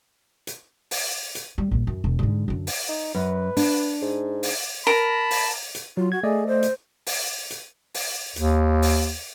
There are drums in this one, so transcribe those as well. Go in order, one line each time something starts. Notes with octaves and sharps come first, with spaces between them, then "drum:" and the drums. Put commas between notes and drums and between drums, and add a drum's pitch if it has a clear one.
drum: hi-hat
drum: open hi-hat
drum: hi-hat
G3
A#1 G2
F#2
E1
G#2 D3
F#2 D3
drum: open hi-hat
D#4
F#2 B4
D4, drum: open hi-hat
G#2
drum: open hi-hat
A#4 A5 B5
drum: open hi-hat
drum: hi-hat
F#3 F4
F#4 G#6
A3 G#4 D5 D#5
C5
drum: hi-hat
drum: open hi-hat
drum: hi-hat
drum: open hi-hat
D#2, drum: hi-hat
drum: open hi-hat